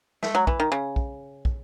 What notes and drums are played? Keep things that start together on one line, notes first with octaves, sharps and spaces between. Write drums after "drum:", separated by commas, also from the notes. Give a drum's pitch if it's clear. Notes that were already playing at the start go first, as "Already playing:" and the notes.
A3, drum: snare
F#3
E3, drum: kick
D#3
C#3
drum: kick
drum: kick